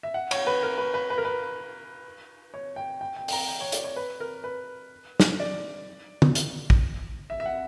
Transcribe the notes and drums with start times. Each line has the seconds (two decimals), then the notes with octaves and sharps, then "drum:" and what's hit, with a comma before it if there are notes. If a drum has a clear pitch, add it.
0.03 E5
0.14 F#5
0.31 C#5, drum: cymbal
0.47 B4
0.63 A#4
0.78 B4
0.94 B4
1.10 B4
1.18 A#4
1.25 B4
2.54 C#5
2.76 G5
3.01 G5
3.16 G5
3.28 G5, drum: open hi-hat
3.33 A#5
3.48 G5
3.60 C#5
3.72 D5, drum: hi-hat
3.84 C#5
3.96 B4
4.20 A#4
4.44 B4
5.20 drum: snare
5.40 D5
6.22 drum: tom
6.35 drum: hi-hat
6.70 drum: kick
7.30 E5
7.40 E5
7.46 F#5